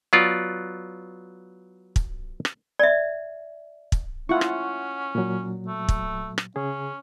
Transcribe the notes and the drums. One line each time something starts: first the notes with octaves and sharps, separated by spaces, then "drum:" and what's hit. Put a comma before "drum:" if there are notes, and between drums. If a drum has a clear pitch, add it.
F#3 B3 F4 D5
drum: kick
drum: rim click
D5 E5
drum: kick
C#4 E4 F4 F#5 C#6
drum: rim click
A#2 F#3
A3
drum: kick
drum: rim click
C#3 C#4 G#4